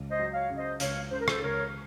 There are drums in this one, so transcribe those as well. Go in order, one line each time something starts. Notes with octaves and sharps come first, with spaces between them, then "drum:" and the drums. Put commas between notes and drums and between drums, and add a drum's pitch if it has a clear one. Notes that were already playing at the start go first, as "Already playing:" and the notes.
Already playing: C#2
C5 D#5
F#3
C#5 F5
C#3
C5 D#5
C#2 C#5 F5, drum: hi-hat
C#3 C5
A#4
A4 C5, drum: rim click
C#2 A#4 C#5